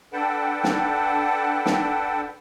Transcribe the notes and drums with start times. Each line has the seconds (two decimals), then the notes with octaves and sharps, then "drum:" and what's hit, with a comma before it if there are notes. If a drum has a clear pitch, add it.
0.13 D4 A4 B4 F#5 G5 A5
0.64 drum: snare
1.66 drum: snare